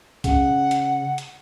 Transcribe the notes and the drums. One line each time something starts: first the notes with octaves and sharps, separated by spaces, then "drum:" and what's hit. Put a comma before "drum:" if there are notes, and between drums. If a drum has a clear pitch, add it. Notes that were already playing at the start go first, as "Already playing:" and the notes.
C#3 F#5, drum: kick C2, hi-hat
drum: hi-hat
drum: hi-hat